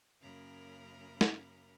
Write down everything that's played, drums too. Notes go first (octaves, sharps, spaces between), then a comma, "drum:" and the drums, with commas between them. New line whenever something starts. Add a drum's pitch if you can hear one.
F#2 C#3 A#3 A#4 A#5 B5
drum: snare